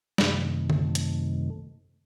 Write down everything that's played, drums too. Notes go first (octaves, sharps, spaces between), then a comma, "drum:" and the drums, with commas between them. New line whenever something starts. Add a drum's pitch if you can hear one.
F#2 C3 D#3 A3, drum: snare
drum: tom D3
drum: hi-hat